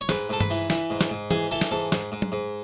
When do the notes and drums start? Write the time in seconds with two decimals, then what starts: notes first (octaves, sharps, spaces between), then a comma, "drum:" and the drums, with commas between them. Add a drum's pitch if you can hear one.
0.01 C#5
0.09 G#2 B4, drum: snare
0.29 G#2 A4
0.40 B4, drum: tom G2
0.50 E3
0.70 E3, drum: snare
0.90 G#2
1.01 drum: snare
1.10 G#2
1.31 E3 G#4, drum: tom E3
1.51 E3 A4
1.61 drum: snare
1.71 G#2 A4
1.92 G#2, drum: snare
2.12 G#2
2.22 drum: tom
2.32 G#2